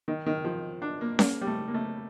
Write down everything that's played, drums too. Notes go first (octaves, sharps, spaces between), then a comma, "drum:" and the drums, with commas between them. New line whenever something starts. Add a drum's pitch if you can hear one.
D#3
D#3
F3
D4
A#3
A#3, drum: snare C#4
G3
A3
A#3
A3